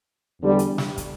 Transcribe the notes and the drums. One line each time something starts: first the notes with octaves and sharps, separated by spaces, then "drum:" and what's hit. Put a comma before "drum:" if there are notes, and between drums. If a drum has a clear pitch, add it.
E2 D3 G3
drum: hi-hat
drum: snare
drum: kick, hi-hat